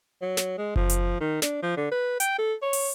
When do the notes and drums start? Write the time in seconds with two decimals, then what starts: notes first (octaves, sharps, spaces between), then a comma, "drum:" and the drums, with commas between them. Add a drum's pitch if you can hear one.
0.22 F#3
0.37 drum: snare
0.58 G#3
0.76 F3, drum: kick F#1
0.90 drum: hi-hat
1.21 D#3
1.42 D4, drum: snare
1.63 F3
1.77 D3
1.91 B4
2.20 G5, drum: hi-hat
2.38 A4
2.62 C#5
2.73 drum: open hi-hat